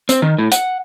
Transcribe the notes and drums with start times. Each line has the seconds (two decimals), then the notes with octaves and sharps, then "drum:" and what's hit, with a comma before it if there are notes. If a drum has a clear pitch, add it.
0.09 C4, drum: hi-hat
0.22 D#3
0.39 A2
0.52 F#5, drum: hi-hat